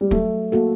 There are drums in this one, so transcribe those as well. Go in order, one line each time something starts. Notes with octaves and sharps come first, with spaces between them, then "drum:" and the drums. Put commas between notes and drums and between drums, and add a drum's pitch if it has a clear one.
G3
F#3 A3, drum: kick
A#3 F#4 A4